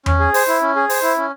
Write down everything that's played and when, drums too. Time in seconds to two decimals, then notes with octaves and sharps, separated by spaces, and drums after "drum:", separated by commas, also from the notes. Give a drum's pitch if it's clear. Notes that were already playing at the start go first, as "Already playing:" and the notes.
0.06 C#4, drum: tom E2
0.19 G#4
0.34 C5, drum: open hi-hat
0.48 E4
0.62 C#4
0.76 G#4
0.90 C5, drum: open hi-hat
1.03 E4
1.17 C#4